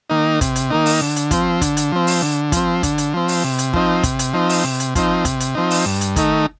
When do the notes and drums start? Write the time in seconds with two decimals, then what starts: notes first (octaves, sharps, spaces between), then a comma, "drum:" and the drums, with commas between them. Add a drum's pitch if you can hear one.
0.10 D#3 A#3 D#4
0.41 C3, drum: kick, hi-hat
0.55 drum: hi-hat
0.70 D#3 A#3 D#4
0.86 drum: open hi-hat
1.02 D3
1.16 drum: hi-hat
1.31 F3 C4, drum: kick, hi-hat
1.61 D3, drum: kick, hi-hat
1.77 drum: hi-hat
1.92 F3 C4
2.07 drum: open hi-hat
2.22 D3
2.52 F3 C4, drum: kick, hi-hat
2.83 D3, drum: kick, hi-hat
2.98 drum: hi-hat
3.13 F3 C4
3.28 drum: open hi-hat
3.44 C3
3.58 drum: hi-hat
3.73 F3 C4 D#4, drum: kick
4.03 C3, drum: kick, hi-hat
4.19 drum: hi-hat
4.34 F3 C4 D#4
4.49 drum: open hi-hat
4.64 C3
4.80 drum: hi-hat
4.95 F3 C4 D#4, drum: kick, hi-hat
5.25 C3, drum: kick, hi-hat
5.40 drum: hi-hat
5.55 F3 C4 D#4
5.71 drum: open hi-hat
5.86 G2
6.01 drum: hi-hat
6.16 D#3 A3 D#4, drum: kick, hi-hat